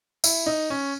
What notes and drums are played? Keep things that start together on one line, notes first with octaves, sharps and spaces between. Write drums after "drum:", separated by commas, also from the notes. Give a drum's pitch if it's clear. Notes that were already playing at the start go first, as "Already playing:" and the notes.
E4, drum: tambourine
D#4
C#4